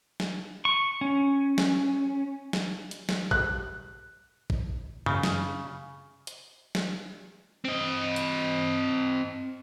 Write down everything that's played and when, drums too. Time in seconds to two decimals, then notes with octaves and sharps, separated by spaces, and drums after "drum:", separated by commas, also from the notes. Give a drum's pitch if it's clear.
0.20 drum: snare
0.65 C#6
1.01 C#4
1.58 drum: snare
2.53 drum: snare
2.91 drum: hi-hat
3.09 drum: snare
3.31 F#6, drum: kick
4.50 drum: kick
5.06 C#3, drum: tom F#2
5.23 drum: snare
6.27 drum: hi-hat
6.75 drum: snare
7.65 C4 D#5
8.16 drum: hi-hat